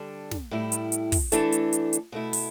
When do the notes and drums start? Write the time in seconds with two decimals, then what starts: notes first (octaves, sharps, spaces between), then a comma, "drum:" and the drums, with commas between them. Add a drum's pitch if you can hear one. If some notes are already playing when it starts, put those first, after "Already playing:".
Already playing: D3 G3 D4 A4
0.31 drum: snare
0.51 A2 G3 E4
0.72 drum: hi-hat
0.92 drum: hi-hat
1.12 drum: kick, open hi-hat
1.32 E3 A3 D4 A4, drum: hi-hat
1.52 drum: hi-hat
1.73 drum: hi-hat
1.93 drum: hi-hat
2.12 B2 A3 E4
2.33 drum: open hi-hat